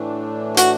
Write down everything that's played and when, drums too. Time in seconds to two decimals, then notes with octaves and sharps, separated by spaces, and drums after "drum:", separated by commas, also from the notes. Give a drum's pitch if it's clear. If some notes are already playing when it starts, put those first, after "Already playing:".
Already playing: A2 E3 A3 D4
0.57 F#4, drum: hi-hat